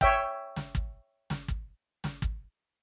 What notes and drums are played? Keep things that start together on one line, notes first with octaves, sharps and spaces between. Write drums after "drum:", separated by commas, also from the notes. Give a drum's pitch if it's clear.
C#5 E5 G5, drum: kick
drum: snare
drum: kick
drum: snare
drum: kick
drum: snare
drum: kick